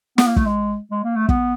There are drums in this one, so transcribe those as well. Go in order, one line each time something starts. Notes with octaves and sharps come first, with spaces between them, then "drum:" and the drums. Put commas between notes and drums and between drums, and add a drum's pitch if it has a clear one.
B3, drum: snare
A#3
A3, drum: kick
G#3
G#3
A#3
A3
B3, drum: kick